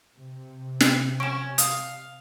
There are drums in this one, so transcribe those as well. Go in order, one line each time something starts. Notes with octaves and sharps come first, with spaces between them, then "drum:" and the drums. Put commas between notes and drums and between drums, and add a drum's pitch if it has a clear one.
C3
drum: snare
C#4 G#5 C#6 D7 E7
F5 D#6, drum: hi-hat